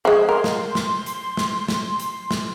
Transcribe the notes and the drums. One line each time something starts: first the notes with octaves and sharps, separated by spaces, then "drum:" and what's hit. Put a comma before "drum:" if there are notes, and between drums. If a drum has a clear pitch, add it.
F3 G#3 G#4
A#4 C6
drum: snare
drum: snare
drum: hi-hat
drum: snare
drum: snare
drum: hi-hat
drum: snare